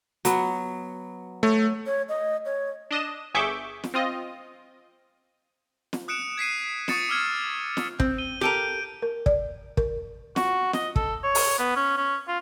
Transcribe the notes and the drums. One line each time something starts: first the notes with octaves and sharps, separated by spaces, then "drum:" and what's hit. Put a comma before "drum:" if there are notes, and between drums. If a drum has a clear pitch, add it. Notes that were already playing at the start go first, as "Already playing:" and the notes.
F#3 B3, drum: hi-hat
A3 C#5
C#5
D#5
C#5
D4 D#5 E7
G1 G#4 E5 C#6 D6 G6
drum: snare
C4 F4 D#5
drum: snare
D#6 F#6 C#7 D7 E7
G#6 B6 C7 D#7
C#6 D#6 A6 C#7 E7, drum: snare
D6 E6 F6 G#6
drum: snare
C4, drum: kick
D#7 G7
G4 A4 A#4 G6 D7 D#7
A#4
D5, drum: kick
A#4, drum: kick
F#4, drum: snare
D#5, drum: snare
A4, drum: kick
C#5
drum: open hi-hat
B3
C#4
C#4
F4